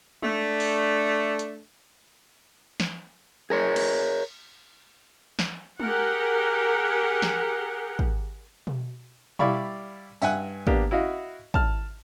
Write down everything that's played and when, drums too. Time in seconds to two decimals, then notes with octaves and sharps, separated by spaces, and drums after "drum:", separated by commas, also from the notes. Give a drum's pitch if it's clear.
0.22 A3 D4, drum: tom G#3
0.60 drum: open hi-hat
1.39 drum: hi-hat
2.80 drum: snare
3.50 G#4 A#4 C#5
3.76 drum: cymbal
5.39 drum: snare
5.80 G4 G#4 A#4 F#5, drum: tom G#3
7.22 drum: snare
7.99 drum: kick
8.67 drum: tom B2
9.39 G3 E4 D5 F5 B5 C#6, drum: tom B2
10.22 G2 E5 F#5 G#5 F#6, drum: tambourine
10.67 A#3 B3 D4 G4, drum: kick
10.91 E4 F#4 D#5 F5
11.54 A5 F6, drum: kick